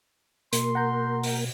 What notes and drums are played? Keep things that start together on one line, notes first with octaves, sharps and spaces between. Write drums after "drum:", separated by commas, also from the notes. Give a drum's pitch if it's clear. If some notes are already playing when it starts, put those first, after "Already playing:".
B2 A#3 A#4 C6, drum: hi-hat
F#5 A#5 G6
drum: open hi-hat